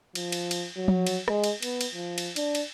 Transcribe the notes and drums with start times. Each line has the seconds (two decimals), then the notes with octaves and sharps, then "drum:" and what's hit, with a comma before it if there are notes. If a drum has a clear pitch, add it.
0.15 F3, drum: cymbal
0.32 drum: cymbal
0.51 drum: cymbal
0.76 F#3
0.88 drum: tom F3
1.07 drum: cymbal
1.28 G#3, drum: rim click
1.44 drum: cymbal
1.62 B3, drum: cymbal
1.81 drum: cymbal
1.94 F3
2.18 drum: cymbal
2.36 D4, drum: cymbal
2.55 drum: cymbal